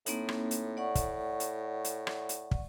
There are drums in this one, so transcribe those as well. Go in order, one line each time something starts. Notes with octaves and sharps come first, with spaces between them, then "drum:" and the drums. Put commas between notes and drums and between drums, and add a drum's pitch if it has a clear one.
A2 A#3 C4 D#4, drum: hi-hat
drum: rim click
drum: hi-hat
D5 F#5 C#6
drum: kick, hi-hat
drum: hi-hat
drum: hi-hat
drum: rim click
drum: hi-hat
drum: kick